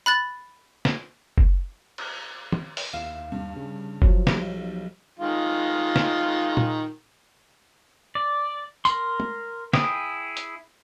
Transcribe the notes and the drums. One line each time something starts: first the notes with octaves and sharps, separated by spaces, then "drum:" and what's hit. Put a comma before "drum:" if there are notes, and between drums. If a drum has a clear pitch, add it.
B5 F#6 A6
drum: snare
drum: kick F#1
drum: cymbal
drum: tom
drum: open hi-hat
D#2 E4 F5 E7
G2
C#3
F3 F#3, drum: kick F#1
B1 G3, drum: snare
D#3 G#3 F4
drum: snare
drum: tom
D5
A#4 C6, drum: tambourine
drum: tom
E4 G#4 G5 D#6, drum: snare
drum: hi-hat